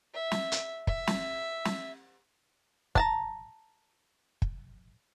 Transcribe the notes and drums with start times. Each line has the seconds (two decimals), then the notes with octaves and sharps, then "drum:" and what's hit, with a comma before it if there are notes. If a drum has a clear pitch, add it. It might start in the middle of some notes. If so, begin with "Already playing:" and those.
0.14 E5
0.31 drum: snare
0.52 drum: hi-hat
0.87 E5, drum: kick
1.07 drum: snare
1.65 drum: snare
2.95 D4 A5 A#5, drum: kick
4.42 drum: kick